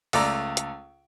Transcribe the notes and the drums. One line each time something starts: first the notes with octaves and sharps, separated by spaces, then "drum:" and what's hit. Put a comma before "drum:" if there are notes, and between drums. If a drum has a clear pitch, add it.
C#2 A3 A4 D5 A#5, drum: open hi-hat
drum: hi-hat